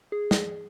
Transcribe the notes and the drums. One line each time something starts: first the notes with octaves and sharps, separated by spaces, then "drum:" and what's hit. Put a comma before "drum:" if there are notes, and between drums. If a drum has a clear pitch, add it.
G#4
drum: snare